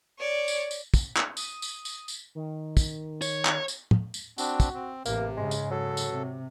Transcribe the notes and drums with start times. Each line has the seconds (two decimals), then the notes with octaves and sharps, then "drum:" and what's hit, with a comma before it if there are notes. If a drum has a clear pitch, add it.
0.19 C#5 D5
0.48 drum: tambourine
0.71 drum: tambourine
0.94 drum: kick, tambourine
1.17 drum: clap
1.37 D#6, drum: tambourine
1.62 drum: tambourine
1.85 drum: tambourine
2.08 drum: tambourine
2.35 D#3
2.77 drum: kick, tambourine
3.22 C#5, drum: tambourine
3.45 drum: clap
3.68 drum: tambourine
3.91 drum: tom
4.14 drum: tambourine
4.38 C4 D4 F#4, drum: tambourine
4.60 drum: kick, tambourine
4.74 C4
5.06 A1 C3 A#3, drum: tambourine
5.37 G#2 C#3 G#3
5.51 drum: tambourine
5.71 F#3 A4
5.97 drum: tambourine
6.12 C3